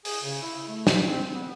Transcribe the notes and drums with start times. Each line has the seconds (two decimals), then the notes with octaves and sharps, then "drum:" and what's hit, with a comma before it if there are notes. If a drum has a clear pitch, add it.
0.05 G#4, drum: open hi-hat
0.24 C#3
0.42 E4
0.68 A3
0.87 drum: snare
1.06 C4
1.32 B3